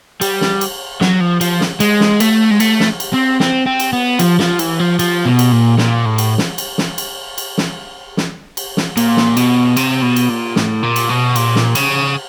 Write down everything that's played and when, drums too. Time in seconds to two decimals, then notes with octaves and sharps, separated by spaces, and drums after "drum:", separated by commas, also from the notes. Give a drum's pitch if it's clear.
0.21 G3, drum: cymbal
0.41 drum: snare
0.61 drum: cymbal
1.01 F#3, drum: snare
1.21 F3
1.41 F3, drum: cymbal
1.61 drum: snare
1.80 G#3, drum: cymbal
2.00 drum: snare
2.20 A3, drum: cymbal
2.51 G#3
2.60 A3, drum: cymbal
2.80 drum: snare
3.00 drum: cymbal
3.13 C4
3.40 C4, drum: snare
3.66 C4
3.80 drum: cymbal
3.93 B3
4.19 F3, drum: cymbal
4.39 F3, drum: snare
4.59 E3, drum: cymbal
4.79 F3
4.99 F3, drum: cymbal
5.25 B2
5.39 drum: cymbal
5.52 A#2
5.78 A#2, drum: snare
6.05 A2
6.18 drum: cymbal
6.38 drum: snare
6.58 drum: cymbal
6.78 drum: snare
6.98 drum: cymbal
7.38 drum: cymbal
7.58 drum: snare
8.17 drum: snare
8.57 drum: cymbal
8.77 drum: snare
8.97 A#2, drum: cymbal
9.17 drum: snare
9.37 B2, drum: cymbal
9.77 C3, drum: cymbal
10.03 B2
10.16 drum: cymbal
10.30 A#2
10.56 A2, drum: snare
10.83 A#2
10.96 drum: cymbal
11.09 B2
11.36 A#2, drum: cymbal
11.56 drum: snare
11.75 C#3, drum: cymbal